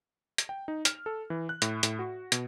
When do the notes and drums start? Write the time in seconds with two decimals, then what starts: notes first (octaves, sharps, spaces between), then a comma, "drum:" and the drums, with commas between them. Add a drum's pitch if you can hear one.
0.38 drum: hi-hat
0.49 G5
0.68 D#4
0.85 F6, drum: hi-hat
1.06 A4
1.30 E3
1.49 F#6
1.62 A2, drum: hi-hat
1.83 A2, drum: hi-hat
1.99 F#4
2.32 B2, drum: hi-hat